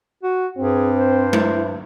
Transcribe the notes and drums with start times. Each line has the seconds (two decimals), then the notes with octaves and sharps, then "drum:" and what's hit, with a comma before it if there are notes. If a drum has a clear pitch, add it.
0.23 F#4
0.57 G2 C4 G#4
0.96 C5
1.33 E4, drum: tom G#3